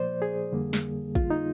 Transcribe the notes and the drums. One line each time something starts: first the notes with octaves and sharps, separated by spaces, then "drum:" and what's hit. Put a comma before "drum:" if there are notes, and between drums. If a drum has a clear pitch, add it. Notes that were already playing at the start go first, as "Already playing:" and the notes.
Already playing: A#2 F3 A#3 C5 D5
G#4
F2 D3 G3 A#3
drum: snare
F4, drum: kick, hi-hat
D#4